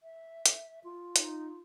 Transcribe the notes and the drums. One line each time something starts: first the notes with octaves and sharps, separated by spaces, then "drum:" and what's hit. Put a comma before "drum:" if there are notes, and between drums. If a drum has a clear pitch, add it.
E5
drum: hi-hat
F4
D#4, drum: hi-hat